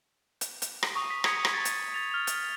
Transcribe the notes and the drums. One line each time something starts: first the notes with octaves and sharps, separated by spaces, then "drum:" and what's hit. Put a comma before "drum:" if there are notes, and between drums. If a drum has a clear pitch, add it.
drum: hi-hat
drum: hi-hat
drum: rim click
C#6 D#6
B6
C#6 D#6 G#6 B6 C#7, drum: rim click
drum: rim click
A6
drum: hi-hat
A6 F7
F6 F7
drum: hi-hat